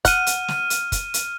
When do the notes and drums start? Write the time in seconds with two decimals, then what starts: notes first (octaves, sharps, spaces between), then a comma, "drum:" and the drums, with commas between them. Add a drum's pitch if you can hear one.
0.05 F#5 F6 D#7, drum: kick, hi-hat
0.27 drum: hi-hat
0.48 drum: snare
0.70 drum: hi-hat
0.92 drum: kick, hi-hat
1.14 drum: hi-hat